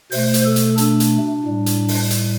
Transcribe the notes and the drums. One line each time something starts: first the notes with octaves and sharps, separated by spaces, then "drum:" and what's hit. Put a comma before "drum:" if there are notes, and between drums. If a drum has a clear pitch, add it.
B2 A3 C5, drum: open hi-hat
drum: hi-hat
A4
drum: hi-hat
D4, drum: hi-hat
drum: hi-hat
A2 G3
drum: hi-hat
drum: open hi-hat
drum: hi-hat